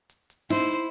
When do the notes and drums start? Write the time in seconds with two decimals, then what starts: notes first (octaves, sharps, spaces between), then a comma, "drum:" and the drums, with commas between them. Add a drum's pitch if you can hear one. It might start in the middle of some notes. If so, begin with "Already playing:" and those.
0.10 drum: hi-hat
0.30 drum: hi-hat
0.50 D#4 E4 C5, drum: snare
0.71 drum: hi-hat